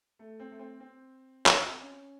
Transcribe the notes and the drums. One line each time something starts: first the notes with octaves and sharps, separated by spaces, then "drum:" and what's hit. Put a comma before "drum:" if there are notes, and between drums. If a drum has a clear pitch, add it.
A3
C4
A3
C4
C4
drum: clap
C4
C#4